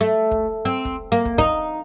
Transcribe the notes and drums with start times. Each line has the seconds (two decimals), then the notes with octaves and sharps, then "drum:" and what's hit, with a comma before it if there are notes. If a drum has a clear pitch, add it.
0.01 A3
0.31 drum: kick
0.65 C4
0.85 drum: kick
1.12 A#3
1.25 drum: kick
1.38 D#4, drum: kick